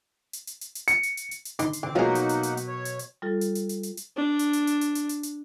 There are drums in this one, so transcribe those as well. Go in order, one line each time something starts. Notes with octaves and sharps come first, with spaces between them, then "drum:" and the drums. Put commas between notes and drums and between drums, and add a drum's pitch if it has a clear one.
drum: hi-hat
drum: hi-hat
drum: hi-hat
drum: hi-hat
C#7, drum: hi-hat
drum: hi-hat
drum: hi-hat
drum: hi-hat
drum: hi-hat
D3 D4 D#4 C6, drum: hi-hat
drum: hi-hat
D3 C4 D6
B2 F3 F#3 G#3 A#3 D#4 A#4 F#5
drum: hi-hat
drum: hi-hat
drum: hi-hat
drum: hi-hat
C#5
drum: hi-hat
drum: hi-hat
G3 F4 A4
drum: hi-hat
drum: hi-hat
drum: hi-hat
drum: hi-hat
drum: hi-hat
D4
drum: hi-hat
drum: hi-hat
drum: hi-hat
drum: hi-hat
drum: hi-hat
drum: hi-hat
drum: hi-hat